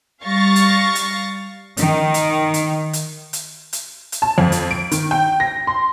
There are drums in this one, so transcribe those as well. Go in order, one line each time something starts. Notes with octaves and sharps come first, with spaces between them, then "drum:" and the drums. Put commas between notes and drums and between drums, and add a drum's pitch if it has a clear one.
G3 F5 C#6 A6 A#6
drum: hi-hat
drum: hi-hat
D#3, drum: hi-hat
drum: hi-hat
drum: hi-hat
drum: hi-hat
drum: hi-hat
drum: hi-hat
drum: hi-hat
A5
F2
drum: hi-hat
D7
D#3, drum: hi-hat
G5
A#6
C6